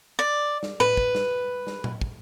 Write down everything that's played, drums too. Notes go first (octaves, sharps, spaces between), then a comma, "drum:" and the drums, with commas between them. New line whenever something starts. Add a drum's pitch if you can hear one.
D5
drum: snare
B4, drum: tom A2
drum: kick
drum: snare
drum: snare
drum: tom A#2
drum: kick